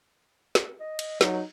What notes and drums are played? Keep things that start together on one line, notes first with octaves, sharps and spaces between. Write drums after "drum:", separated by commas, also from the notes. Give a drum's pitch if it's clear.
drum: snare
D#5
drum: cymbal
F#3 D#4, drum: snare